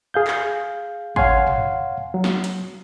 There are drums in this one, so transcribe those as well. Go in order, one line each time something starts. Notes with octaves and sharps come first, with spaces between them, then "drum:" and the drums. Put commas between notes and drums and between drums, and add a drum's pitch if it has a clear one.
G#4 F5 G6
drum: clap
C#5 F5 F#5 G#5 C6, drum: kick
drum: tom
F#3
drum: snare
drum: hi-hat